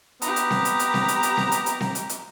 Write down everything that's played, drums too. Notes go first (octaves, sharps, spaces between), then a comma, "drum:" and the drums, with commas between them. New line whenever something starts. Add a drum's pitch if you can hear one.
B3 G4 A#5, drum: hi-hat
drum: hi-hat
drum: snare C4
drum: hi-hat
drum: hi-hat
drum: snare C4
drum: hi-hat
drum: hi-hat
drum: snare C4
drum: hi-hat
drum: hi-hat
drum: snare C4
drum: hi-hat
drum: hi-hat